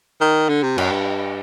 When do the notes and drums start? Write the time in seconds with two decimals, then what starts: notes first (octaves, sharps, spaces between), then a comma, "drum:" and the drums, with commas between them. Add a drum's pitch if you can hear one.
0.21 D#3
0.49 D3
0.63 C3
0.78 F#2, drum: cymbal
0.92 G2